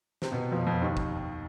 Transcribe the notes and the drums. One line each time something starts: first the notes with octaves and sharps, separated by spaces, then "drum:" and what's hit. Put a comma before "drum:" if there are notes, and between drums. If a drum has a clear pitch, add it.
C3 C4, drum: snare
B2 B3
F2 F3
F2 F3
D#2 D#3
drum: kick